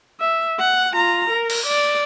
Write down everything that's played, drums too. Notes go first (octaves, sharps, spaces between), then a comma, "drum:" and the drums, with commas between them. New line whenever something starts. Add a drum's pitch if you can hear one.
E5
F#5
F4 A#5
A#4
drum: cymbal
D5